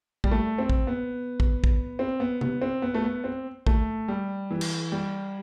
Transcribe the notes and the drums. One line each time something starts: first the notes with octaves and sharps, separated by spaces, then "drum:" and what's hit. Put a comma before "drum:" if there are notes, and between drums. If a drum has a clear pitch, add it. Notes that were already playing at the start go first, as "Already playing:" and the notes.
G3, drum: kick
A3
C4
drum: kick
B3
drum: kick
drum: kick
C4
B3
B3, drum: tom C3
C4
B3
A3
B3
C4
A3, drum: kick
G3
E3
drum: cymbal
G3